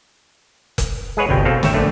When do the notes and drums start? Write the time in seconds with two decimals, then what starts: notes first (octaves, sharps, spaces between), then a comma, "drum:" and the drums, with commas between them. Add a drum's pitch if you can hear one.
0.78 drum: kick F1, hi-hat
1.17 G#3 G#4 B4 C#5 F#5
1.29 G1 C2 B2 G5
1.45 B2 C4 A4 F5
1.63 G#1 C#5 E5 G5, drum: snare
1.74 A#1 D3 A3